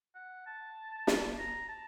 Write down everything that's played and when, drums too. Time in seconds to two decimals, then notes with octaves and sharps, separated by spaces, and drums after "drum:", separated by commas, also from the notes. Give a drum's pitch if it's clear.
0.15 F#5
0.46 A5
1.07 drum: snare
1.38 A#5
1.69 A5